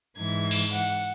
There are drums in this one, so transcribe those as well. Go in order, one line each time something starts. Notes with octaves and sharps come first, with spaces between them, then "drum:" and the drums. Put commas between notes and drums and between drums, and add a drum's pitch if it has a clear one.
G#2 E3 G#6
drum: cymbal
F#5